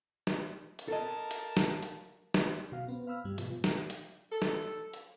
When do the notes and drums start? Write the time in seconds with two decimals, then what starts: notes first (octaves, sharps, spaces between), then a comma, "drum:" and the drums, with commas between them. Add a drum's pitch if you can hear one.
0.27 drum: snare
0.79 drum: hi-hat
0.88 A4 A#4 D#5 A5
1.31 drum: hi-hat
1.57 drum: snare
1.83 drum: hi-hat
2.34 drum: snare
2.72 B2 F#4 F5
2.88 B3 C4
3.07 F5 B5 E6 F6
3.25 G2 G3
3.38 G#2 B2 F3, drum: hi-hat
3.64 drum: snare
3.90 drum: hi-hat
4.32 A4
4.42 drum: snare
4.94 drum: hi-hat